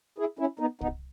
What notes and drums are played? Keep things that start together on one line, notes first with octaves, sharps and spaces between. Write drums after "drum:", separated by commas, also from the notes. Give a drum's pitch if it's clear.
E4 G#4
C#4 E4
B3 D#4
B3 D#4, drum: kick